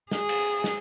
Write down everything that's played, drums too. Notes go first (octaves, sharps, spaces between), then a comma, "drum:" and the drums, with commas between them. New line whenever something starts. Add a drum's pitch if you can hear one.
G#4, drum: snare
drum: cymbal
drum: snare